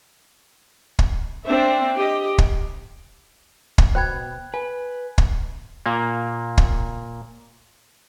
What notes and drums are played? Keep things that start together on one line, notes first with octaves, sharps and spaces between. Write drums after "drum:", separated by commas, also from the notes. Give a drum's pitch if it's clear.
drum: kick
C4 D4 C5 E5
G4 D#5
drum: kick
drum: kick
B2 C5 G5 B5 F#6 G#6
B4 G#5
drum: kick
A#2 A#3
drum: kick